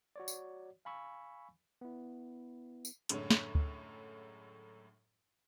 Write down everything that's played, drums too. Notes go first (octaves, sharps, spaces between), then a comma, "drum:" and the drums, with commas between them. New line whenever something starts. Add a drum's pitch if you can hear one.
F#4 C#5 D5
drum: tambourine
F5 G#5 B5 C#6 E6
B3 E4
drum: tambourine
F#2 A2 D3 G#3 C#4, drum: hi-hat
drum: snare
drum: kick D2